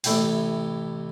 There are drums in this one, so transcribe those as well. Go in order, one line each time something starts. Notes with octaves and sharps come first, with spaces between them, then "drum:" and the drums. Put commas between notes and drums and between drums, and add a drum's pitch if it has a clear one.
A1 C3 A3 E4 G5 G#5, drum: open hi-hat